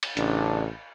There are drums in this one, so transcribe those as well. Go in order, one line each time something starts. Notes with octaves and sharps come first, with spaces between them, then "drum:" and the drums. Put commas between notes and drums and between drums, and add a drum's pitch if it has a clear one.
drum: cymbal
A1 C#3 D4, drum: hi-hat